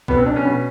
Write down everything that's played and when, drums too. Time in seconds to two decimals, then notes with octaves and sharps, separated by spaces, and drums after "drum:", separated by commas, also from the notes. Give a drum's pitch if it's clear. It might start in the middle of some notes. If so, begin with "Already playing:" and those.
0.08 B2 B3, drum: kick
0.17 C4
0.26 D4
0.36 C#4
0.45 B2